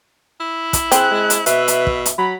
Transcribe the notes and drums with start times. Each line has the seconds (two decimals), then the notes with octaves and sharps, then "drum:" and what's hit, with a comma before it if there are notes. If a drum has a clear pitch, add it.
0.40 E4
0.73 drum: kick, hi-hat
0.92 C4 G#4 F#6, drum: hi-hat
1.11 G#3
1.30 drum: hi-hat
1.46 B2 B4 E5, drum: hi-hat
1.68 drum: hi-hat
1.87 drum: kick
2.06 drum: hi-hat
2.18 F#3 B5